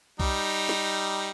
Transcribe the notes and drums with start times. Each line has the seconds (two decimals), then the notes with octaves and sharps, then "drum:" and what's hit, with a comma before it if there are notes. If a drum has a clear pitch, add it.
0.20 G3 D#4, drum: kick B1
0.69 drum: snare